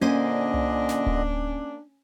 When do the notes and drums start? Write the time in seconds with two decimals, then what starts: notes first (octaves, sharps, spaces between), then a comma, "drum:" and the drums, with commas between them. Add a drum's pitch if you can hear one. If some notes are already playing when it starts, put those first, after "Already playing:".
0.01 A#2 D3 A#3 C#4 D4 C5 D#5 G#5
0.54 drum: tom C2
0.89 drum: snare
1.06 drum: kick D1